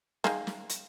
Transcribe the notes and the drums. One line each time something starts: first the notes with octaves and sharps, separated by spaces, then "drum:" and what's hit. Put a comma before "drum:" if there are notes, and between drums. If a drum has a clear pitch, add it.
D#3 G#3 A#3, drum: snare
drum: snare
drum: hi-hat